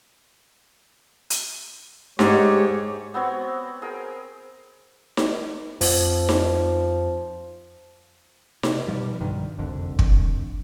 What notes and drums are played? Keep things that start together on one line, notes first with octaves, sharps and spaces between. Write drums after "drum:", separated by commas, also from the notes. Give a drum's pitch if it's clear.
drum: hi-hat
G#2 G#3 G4 C#5, drum: snare D#4
B3 C4 F#4 C#5
G#4 A#4 G5
drum: snare D#4
F2 F3, drum: open hi-hat
drum: snare D#4
C3, drum: snare D#4
B2 F3 G3
B1 G2 D3 D#3
F#1 C2 F2 D3
drum: kick